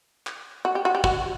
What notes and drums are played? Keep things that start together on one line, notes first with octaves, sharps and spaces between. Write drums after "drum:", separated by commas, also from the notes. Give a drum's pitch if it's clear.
drum: clap
F#4
G4
F#4
G4
F#4, drum: kick